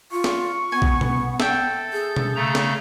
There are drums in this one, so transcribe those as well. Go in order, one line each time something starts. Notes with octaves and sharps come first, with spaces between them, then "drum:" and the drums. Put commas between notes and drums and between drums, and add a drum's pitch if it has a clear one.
F4 C#6
drum: snare
B3 G#5
drum: kick A#1
drum: tom B2
A4 E5 G5, drum: snare
G#4 G6
drum: tom B2
C#3 A3 A#5
drum: snare